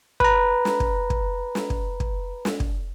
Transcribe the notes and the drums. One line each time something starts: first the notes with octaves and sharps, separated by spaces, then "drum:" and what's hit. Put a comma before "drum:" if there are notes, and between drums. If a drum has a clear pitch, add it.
B4 A#5, drum: kick
drum: snare
drum: kick
drum: kick
drum: snare
drum: kick
drum: kick
drum: snare
drum: kick